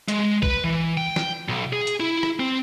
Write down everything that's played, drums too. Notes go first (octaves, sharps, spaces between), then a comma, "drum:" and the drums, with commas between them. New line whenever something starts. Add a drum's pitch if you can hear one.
G#3, drum: hi-hat
B4, drum: kick B1
E3
G5
drum: snare
B1
G#4
drum: hi-hat
E4
drum: rim click
C4